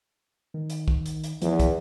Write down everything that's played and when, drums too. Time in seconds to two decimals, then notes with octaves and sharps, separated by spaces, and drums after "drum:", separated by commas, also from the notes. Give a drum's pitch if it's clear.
0.54 D#3
0.70 drum: hi-hat
0.88 drum: kick
1.06 drum: hi-hat
1.24 drum: hi-hat
1.42 E2 F3, drum: hi-hat
1.60 drum: kick, hi-hat